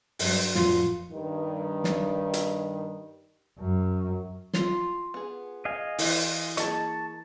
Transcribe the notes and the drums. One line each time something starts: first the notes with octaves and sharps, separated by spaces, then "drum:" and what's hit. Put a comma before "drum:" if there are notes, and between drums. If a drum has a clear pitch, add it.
G2 F#3 D4, drum: open hi-hat
F2 A2 F3 F4, drum: snare
G2 D#3
drum: snare
drum: hi-hat
F#2
F4 A#5 C6, drum: snare
B3 G#4
D#5 F5 G#5
E3 G5, drum: open hi-hat
A#3 G#4 D#5 A5 C#6, drum: hi-hat